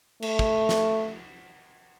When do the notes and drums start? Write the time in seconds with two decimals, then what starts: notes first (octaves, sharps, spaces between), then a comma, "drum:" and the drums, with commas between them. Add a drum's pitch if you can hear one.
0.22 A3, drum: cymbal
0.39 drum: kick
0.69 drum: snare